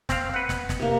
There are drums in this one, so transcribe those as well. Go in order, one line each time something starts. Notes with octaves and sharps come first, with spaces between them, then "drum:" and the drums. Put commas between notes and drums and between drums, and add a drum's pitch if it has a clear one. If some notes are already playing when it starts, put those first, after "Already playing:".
C4 F5, drum: snare
B4 F#5
drum: snare
drum: snare
C3 A#3